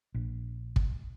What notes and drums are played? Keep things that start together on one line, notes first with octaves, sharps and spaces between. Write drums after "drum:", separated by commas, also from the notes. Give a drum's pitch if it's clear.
A#1
drum: kick